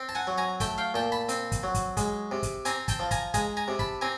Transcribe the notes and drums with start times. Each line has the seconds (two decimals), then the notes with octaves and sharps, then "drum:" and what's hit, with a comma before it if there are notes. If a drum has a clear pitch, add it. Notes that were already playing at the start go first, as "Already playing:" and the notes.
Already playing: C4
0.09 A5
0.15 F#5 G#5
0.27 F#3
0.38 G#5 A#5
0.60 A3 G5 A5, drum: kick, hi-hat
0.78 F5 G5
0.94 A#2 G5 A5
1.12 A5 B5
1.29 C4, drum: hi-hat
1.52 drum: kick, hi-hat
1.63 F#3
1.75 drum: kick, hi-hat
1.97 G#3, drum: kick, hi-hat
2.31 C3
2.43 drum: kick, hi-hat
2.65 C4 G#5 A#5, drum: hi-hat
2.88 G5 A5, drum: kick, hi-hat
2.99 F3
3.11 G#5 A#5, drum: kick, hi-hat
3.34 G#3 G#5 A#5, drum: kick, hi-hat
3.57 G#5 A#5
3.68 C3
3.79 A5 B5, drum: kick
4.01 C4 G#5 A#5